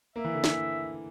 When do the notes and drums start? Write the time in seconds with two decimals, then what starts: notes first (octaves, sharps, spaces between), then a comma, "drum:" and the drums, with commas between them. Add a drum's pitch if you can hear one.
0.16 A#3 E5
0.25 E3
0.34 D3
0.44 E3, drum: snare